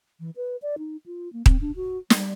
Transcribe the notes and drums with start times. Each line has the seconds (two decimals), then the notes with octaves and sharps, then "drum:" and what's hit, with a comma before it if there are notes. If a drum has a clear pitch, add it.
0.20 E3
0.36 B4
0.62 D5
0.78 D#4
1.06 F4
1.33 A#3
1.46 C4, drum: kick D#1
1.61 D4
1.76 F#4
2.10 G3, drum: snare